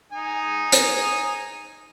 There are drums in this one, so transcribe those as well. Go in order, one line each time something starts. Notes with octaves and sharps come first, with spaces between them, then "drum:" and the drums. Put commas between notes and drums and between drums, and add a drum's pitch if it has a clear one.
D#4 G#5
drum: hi-hat